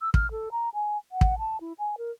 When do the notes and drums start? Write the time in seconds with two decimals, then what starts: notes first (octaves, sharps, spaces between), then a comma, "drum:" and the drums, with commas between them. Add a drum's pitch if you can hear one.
0.01 E6
0.14 F6, drum: kick
0.31 A4
0.52 A#5
0.74 G#5
1.12 F#5
1.21 drum: kick
1.38 A5
1.60 E4
1.79 G#5
1.98 A#4